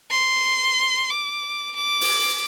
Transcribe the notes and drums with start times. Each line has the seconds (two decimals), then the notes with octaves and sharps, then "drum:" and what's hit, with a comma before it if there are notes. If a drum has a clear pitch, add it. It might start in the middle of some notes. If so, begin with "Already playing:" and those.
0.10 C6
1.10 D6
1.75 D6
2.01 drum: open hi-hat